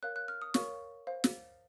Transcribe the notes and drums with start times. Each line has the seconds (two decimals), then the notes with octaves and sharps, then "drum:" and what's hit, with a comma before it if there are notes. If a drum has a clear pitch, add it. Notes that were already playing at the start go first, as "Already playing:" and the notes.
0.03 A#4 C#5 F5 F#6
0.16 F#6
0.28 F6
0.42 D#6
0.54 A#4 C#5 F5 C#6, drum: snare
1.07 C5 F5
1.24 drum: snare